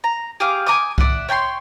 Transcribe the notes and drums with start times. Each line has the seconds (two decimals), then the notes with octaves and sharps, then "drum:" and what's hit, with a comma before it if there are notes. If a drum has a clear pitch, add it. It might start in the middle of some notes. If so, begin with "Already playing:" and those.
0.04 A#5
0.40 G4 G#4 F5 D6
0.67 G#5 A#5 D6 D#6
0.98 D5 E5 F#5, drum: kick C2
1.29 C#5 G5 A#5 C6